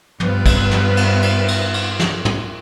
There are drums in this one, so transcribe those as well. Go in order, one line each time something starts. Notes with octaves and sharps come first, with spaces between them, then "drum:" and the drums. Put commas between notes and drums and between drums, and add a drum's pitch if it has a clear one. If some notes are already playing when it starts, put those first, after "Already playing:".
G2 B3 C4 F4, drum: tom
drum: kick, cymbal
drum: snare
drum: cymbal
drum: cymbal
drum: cymbal
drum: cymbal
drum: snare
drum: tom